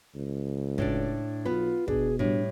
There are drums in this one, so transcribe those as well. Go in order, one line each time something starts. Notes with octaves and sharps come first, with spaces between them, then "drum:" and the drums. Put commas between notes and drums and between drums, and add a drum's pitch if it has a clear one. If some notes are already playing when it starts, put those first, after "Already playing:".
C#2
A2 D4 D5, drum: kick
B1 B3 F4 B4
B2 D4 G#4, drum: kick
A2 G3 D4